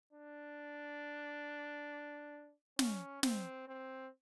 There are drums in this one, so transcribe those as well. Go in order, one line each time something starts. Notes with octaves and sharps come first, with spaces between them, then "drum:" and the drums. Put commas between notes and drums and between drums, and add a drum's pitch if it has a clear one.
D4
C#4, drum: snare
C4, drum: snare
C4